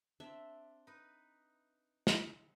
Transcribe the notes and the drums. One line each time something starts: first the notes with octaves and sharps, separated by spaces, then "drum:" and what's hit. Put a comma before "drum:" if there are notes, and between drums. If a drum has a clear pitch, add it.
C4 D4 E5
D#4 B4
drum: snare